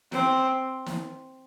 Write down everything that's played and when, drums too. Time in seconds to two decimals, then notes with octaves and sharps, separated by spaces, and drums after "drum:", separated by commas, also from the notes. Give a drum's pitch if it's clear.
0.12 C4, drum: snare
0.86 drum: snare